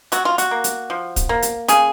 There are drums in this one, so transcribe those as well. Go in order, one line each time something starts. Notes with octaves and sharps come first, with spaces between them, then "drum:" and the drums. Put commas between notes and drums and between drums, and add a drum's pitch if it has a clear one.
F#3 F#4, drum: hi-hat
F4
F#4, drum: hi-hat
A#3
drum: hi-hat
F3
drum: kick, hi-hat
A#3
drum: hi-hat
C#3 G#4, drum: hi-hat